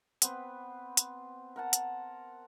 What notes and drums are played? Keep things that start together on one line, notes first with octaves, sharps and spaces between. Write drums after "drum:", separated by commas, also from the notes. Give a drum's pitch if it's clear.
B3 C4 B4, drum: hi-hat
drum: hi-hat
A#4 F#5 A5
drum: hi-hat